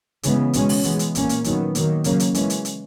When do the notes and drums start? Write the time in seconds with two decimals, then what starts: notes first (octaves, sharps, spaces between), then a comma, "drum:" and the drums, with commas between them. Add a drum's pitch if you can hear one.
0.23 C#3 E3 G#3 B3, drum: hi-hat
0.53 B2 G#3 C#4, drum: hi-hat
0.69 drum: open hi-hat
0.84 E3 G#3 B3, drum: hi-hat
0.99 drum: hi-hat
1.15 A#2 A#3 C#4, drum: hi-hat
1.29 drum: hi-hat
1.44 D#3 F#3 B3, drum: hi-hat
1.75 D#3 F#3 A#3, drum: hi-hat
2.04 C#3 F#3 A#3 C#4, drum: hi-hat
2.20 drum: hi-hat
2.34 E3 G#3 C#4, drum: hi-hat
2.50 drum: hi-hat
2.65 drum: hi-hat